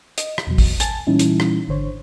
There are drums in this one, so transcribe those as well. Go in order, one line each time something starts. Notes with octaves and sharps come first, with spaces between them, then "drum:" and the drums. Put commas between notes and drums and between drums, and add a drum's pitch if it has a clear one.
D#5, drum: hi-hat
drum: rim click
E2 B2 F#3
drum: kick, open hi-hat
G#5 A5 A6, drum: hi-hat
A#2 E3 G3 C#4 D#4 E4
drum: hi-hat
drum: rim click
G#1 D3 C5 C#5